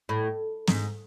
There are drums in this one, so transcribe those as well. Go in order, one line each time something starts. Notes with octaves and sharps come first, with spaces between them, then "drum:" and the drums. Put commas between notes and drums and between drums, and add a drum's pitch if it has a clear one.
A2
G#2, drum: snare